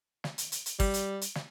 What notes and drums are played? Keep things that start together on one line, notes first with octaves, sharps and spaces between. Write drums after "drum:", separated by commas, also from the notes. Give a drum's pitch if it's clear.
drum: snare
drum: hi-hat
drum: hi-hat
drum: hi-hat
G3, drum: kick, open hi-hat
drum: hi-hat
drum: hi-hat
drum: snare